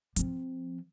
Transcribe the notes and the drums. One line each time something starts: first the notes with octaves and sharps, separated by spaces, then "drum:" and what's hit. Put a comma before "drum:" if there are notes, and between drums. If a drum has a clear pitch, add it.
F3 C4, drum: hi-hat